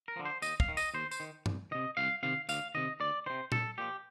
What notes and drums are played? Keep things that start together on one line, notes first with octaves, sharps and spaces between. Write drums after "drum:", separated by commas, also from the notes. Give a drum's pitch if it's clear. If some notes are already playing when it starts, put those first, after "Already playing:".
A#4
D3 F3
C5
D#2 D#5, drum: tambourine
F5, drum: kick
D#3
D#5, drum: tambourine
D#2 C5
C5, drum: tambourine
D#3
C2, drum: tom G2
C3 D#3 D#5
C2 F5
C3 D#3 F5
D2 F5, drum: tambourine
C3 D#3 D#5
D2 D5
C3 D#3 C5
C2 A4, drum: tom
A#2 F3 G4